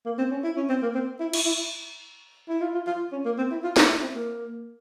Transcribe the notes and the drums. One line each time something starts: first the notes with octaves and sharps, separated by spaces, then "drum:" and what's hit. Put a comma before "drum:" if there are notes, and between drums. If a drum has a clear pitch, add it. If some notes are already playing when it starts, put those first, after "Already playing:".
A#3
C4
C#4
E4
C#4
C4
A#3
C4
E4
E4, drum: cymbal
E4
E4
F4
F4
F4
C#4
A#3
C4
E4
F4
E4, drum: snare
E4
C4
A#3